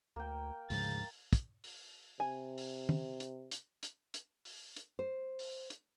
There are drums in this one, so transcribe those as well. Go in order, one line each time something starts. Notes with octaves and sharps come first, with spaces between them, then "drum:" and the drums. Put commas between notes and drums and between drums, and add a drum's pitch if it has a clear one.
D2 A#3 G5
D2 G#2 C#3 F3 A6, drum: open hi-hat
drum: kick, hi-hat
drum: open hi-hat
C3 G#5
drum: open hi-hat
drum: tom
drum: hi-hat
drum: hi-hat
drum: hi-hat
drum: hi-hat
drum: open hi-hat
drum: hi-hat
C5
drum: open hi-hat
drum: hi-hat